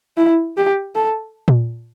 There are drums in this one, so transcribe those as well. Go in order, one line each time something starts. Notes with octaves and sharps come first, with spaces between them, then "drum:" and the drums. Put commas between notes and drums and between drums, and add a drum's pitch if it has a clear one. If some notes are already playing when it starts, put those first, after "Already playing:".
E4
G4
A4
drum: tom A#2